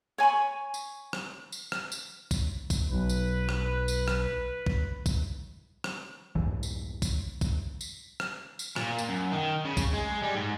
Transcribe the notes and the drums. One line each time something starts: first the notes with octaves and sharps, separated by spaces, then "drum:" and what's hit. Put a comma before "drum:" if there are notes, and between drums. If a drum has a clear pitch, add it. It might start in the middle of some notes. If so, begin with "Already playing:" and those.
C#5 G#5 B5 C#6
drum: tambourine
drum: rim click
drum: tambourine
drum: rim click
drum: tambourine
drum: kick, tambourine
drum: kick, tambourine
B1 B4
drum: tambourine
drum: rim click
drum: tambourine
drum: rim click
drum: kick
drum: kick, tambourine
drum: rim click
C2 F2 G#2 E3
drum: tambourine
drum: kick, tambourine
drum: kick, tambourine
drum: tambourine
drum: rim click
drum: tambourine
A#2, drum: rim click
drum: tambourine
F#2
D#3
C#3
drum: kick, tambourine
G#3
G3
G#2